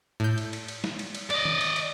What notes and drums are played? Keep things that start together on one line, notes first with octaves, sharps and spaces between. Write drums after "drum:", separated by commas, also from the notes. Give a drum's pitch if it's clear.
A2 G6
drum: cymbal
drum: cymbal
drum: cymbal
drum: snare
drum: cymbal
drum: cymbal
D5 D#5, drum: cymbal
drum: tom D#3
drum: cymbal
drum: cymbal